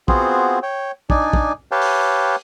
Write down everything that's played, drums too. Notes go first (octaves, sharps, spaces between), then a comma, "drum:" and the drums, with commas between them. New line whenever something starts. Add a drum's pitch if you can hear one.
B3 C4 F4 F#4 G#4 C5, drum: kick
C#5 G5
D4 D#4 D5 G#5, drum: kick
drum: kick
G4 B4 C#5 F5 G5 A5
drum: open hi-hat